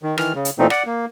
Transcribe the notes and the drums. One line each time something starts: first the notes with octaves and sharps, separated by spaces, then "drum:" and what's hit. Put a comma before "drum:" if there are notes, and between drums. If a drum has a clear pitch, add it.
D#3
D#3 E3 F6, drum: rim click
C#3
drum: hi-hat
A#2 E3 A3 C4 D#4
D5 F#5, drum: rim click
A#3